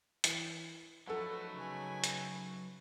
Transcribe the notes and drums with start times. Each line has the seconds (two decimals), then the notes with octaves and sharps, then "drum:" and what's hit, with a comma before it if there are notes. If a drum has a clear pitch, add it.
0.24 E3, drum: hi-hat
1.07 F3 F#3 A3 D#4 A4 B4 F#5
1.55 C#3 G#5
2.04 drum: hi-hat